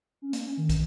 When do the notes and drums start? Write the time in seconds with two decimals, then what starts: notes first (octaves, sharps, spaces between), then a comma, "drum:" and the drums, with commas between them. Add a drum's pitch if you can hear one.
0.22 C#4
0.33 A#3, drum: hi-hat
0.45 C#4
0.57 D#3
0.69 drum: kick, hi-hat